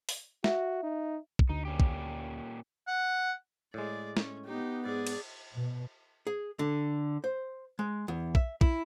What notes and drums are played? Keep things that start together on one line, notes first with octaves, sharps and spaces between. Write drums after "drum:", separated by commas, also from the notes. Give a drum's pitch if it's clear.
drum: open hi-hat
F#4 E5, drum: snare
D#4
drum: kick
D2 D#4
A#2 C#4 G4
drum: kick
F#5
A2 G#3 G#4 D5
C#4, drum: snare
B3 D#4 G4
G#2 G#4 D5
drum: cymbal
B2
G#4
D3
C5
G#3
E2
E5, drum: kick
E4, drum: kick